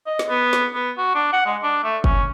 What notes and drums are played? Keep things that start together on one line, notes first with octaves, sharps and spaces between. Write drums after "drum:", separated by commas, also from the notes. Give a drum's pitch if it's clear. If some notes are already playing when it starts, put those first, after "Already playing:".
D#5
drum: snare
B3
drum: snare
B3
F#4
D4
F#5
G#3
D4
A3
C#4, drum: kick F#1